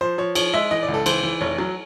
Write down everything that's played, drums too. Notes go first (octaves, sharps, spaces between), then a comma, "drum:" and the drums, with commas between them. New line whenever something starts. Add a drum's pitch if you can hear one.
F3 C5
F3 C#5
F3 C#5, drum: cymbal
G#3 E5
E3 D#5
D5
C#2
A4
E3 C5, drum: cymbal
E3
F1 C#5
F#3